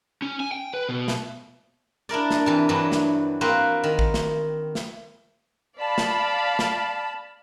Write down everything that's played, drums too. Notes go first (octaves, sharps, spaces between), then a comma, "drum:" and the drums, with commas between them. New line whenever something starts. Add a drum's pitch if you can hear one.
C#4
G#5
G5
B4
B2
drum: snare
D4 E4 A#4 D5
drum: snare
C3 E3
G2 E3 F#3
drum: snare
A#3 C4 F#4 B4 C5
D#3
drum: kick A1
drum: snare
drum: snare
D5 F5 A5 B5
drum: snare
drum: snare